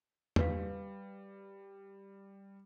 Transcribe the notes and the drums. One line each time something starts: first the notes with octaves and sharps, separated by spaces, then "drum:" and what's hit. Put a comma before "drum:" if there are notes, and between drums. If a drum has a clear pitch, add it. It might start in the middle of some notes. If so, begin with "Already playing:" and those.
G3 G4 B4 F5, drum: tom